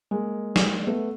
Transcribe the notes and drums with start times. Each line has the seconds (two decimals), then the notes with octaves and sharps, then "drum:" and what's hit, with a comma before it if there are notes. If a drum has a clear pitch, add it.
0.11 G#3 A#3
0.56 drum: snare
0.87 A3 B3